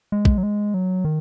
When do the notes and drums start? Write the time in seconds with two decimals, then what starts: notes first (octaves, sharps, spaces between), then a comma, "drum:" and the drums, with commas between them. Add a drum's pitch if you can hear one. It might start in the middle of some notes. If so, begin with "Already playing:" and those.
0.12 G#3
0.25 drum: kick A#1
0.38 F#3
0.43 G#3
0.74 F#3
1.05 D#3